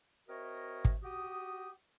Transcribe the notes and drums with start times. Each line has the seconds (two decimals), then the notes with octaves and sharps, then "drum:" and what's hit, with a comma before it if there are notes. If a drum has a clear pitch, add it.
0.28 C4 F#4 A#4 C#5 D#5 E5
0.85 drum: kick
1.03 F#4 G4 D#6